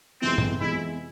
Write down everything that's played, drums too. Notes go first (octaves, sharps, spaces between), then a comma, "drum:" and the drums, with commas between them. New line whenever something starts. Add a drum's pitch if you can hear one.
F2 C3 E3 G#3 B3 C4
drum: tom G2
F2 C3 E3 G#3 B3 E4